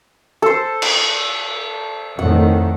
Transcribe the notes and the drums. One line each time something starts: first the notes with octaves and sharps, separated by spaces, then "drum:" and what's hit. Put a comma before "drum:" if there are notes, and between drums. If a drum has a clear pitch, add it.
A4 C5
drum: cymbal
F2 A2 D#3 F#5